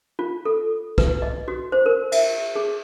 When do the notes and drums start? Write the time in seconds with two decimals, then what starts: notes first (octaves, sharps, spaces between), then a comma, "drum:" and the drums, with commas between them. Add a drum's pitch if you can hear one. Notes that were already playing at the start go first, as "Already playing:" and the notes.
0.19 F4
0.45 A4
0.98 B4, drum: kick
1.22 D#5
1.48 F#4
1.72 C5
1.86 A#4
2.12 E5, drum: cymbal
2.56 G#4